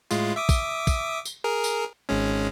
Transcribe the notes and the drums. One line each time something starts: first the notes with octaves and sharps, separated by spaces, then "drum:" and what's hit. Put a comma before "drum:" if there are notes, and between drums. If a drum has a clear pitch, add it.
A2 G#3 F4, drum: tambourine
E5 D6 D#6
drum: kick, tambourine
drum: kick, tambourine
drum: tambourine
G#4 A#4
drum: tambourine
G#1 G#3 C#4